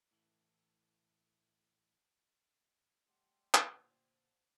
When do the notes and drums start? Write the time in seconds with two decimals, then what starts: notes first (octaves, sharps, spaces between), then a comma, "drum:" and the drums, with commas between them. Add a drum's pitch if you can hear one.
0.11 A2 E3
3.07 G3 A3 G4 F#5 C6
3.54 drum: clap
3.71 A#2 D3 C5